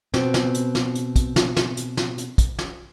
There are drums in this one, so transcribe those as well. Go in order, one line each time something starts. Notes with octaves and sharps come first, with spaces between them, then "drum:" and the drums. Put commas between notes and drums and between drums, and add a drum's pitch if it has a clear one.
B2 C4, drum: snare
drum: snare
drum: hi-hat
drum: snare
drum: hi-hat
drum: kick, hi-hat
drum: snare
drum: snare
drum: hi-hat
drum: snare
drum: hi-hat
drum: kick, hi-hat
drum: snare